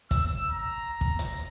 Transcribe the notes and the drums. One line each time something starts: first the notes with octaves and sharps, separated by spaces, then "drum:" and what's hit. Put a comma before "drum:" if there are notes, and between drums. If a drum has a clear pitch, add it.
E6, drum: kick, hi-hat
A#5
drum: kick
drum: hi-hat